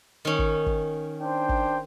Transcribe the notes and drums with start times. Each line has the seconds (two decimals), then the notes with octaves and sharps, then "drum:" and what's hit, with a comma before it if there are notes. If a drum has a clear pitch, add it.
0.25 D#3 C#4
0.39 drum: kick
0.66 drum: kick
1.22 D4 C5 G5
1.49 drum: kick